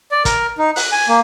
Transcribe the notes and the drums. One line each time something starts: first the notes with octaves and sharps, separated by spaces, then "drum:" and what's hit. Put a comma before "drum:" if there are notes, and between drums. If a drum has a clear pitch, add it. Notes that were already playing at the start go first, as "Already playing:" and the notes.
D5
A#4, drum: kick, hi-hat
D#4
F#6, drum: open hi-hat
G#5
A#3